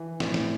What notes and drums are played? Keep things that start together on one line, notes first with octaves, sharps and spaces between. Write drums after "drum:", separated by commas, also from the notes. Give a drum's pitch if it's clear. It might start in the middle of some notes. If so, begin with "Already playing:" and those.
Already playing: E3
A2, drum: snare
drum: snare